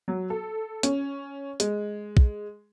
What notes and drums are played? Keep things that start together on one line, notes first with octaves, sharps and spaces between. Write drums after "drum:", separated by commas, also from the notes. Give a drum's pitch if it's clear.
F#3
A4
C#4, drum: hi-hat
G#3, drum: hi-hat
drum: kick